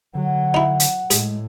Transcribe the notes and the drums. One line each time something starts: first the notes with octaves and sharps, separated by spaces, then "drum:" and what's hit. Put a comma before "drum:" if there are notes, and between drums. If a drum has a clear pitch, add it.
D3 F#3 F#5
D#4 E4
drum: hi-hat
A2 G#3 G#4, drum: hi-hat